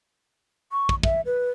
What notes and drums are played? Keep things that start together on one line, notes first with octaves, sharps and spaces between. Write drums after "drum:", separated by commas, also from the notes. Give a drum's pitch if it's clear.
C#6
drum: kick
E5, drum: kick
B4